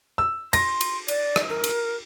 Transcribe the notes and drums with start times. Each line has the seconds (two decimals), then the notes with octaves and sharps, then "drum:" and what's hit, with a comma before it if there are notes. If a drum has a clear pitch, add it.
0.18 E6
0.53 C6 A#6, drum: cymbal
0.81 drum: cymbal
1.08 D5, drum: cymbal
1.36 drum: rim click
1.49 A#4
1.64 drum: cymbal